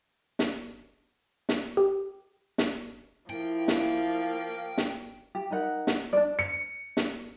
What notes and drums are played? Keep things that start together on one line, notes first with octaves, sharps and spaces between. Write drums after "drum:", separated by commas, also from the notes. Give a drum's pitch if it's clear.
drum: snare
drum: snare
G4
drum: snare
F3 A#3 E4 G5
drum: snare
drum: snare
G4
D#4 A#4 F#5
drum: snare
D4 D5
C#7
drum: snare